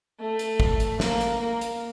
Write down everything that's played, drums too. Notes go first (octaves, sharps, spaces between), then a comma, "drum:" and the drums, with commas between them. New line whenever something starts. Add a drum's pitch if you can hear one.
A3
drum: hi-hat
drum: kick
drum: hi-hat
A#3, drum: snare
drum: hi-hat
A#3
drum: hi-hat